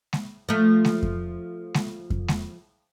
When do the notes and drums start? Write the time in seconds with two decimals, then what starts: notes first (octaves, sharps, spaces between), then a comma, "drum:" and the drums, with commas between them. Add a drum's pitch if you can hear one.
0.13 drum: snare G#3
0.49 F3 A3
0.85 drum: snare G#3
1.03 drum: kick F2
1.74 drum: snare G#3
2.10 drum: kick F2
2.28 drum: snare G#3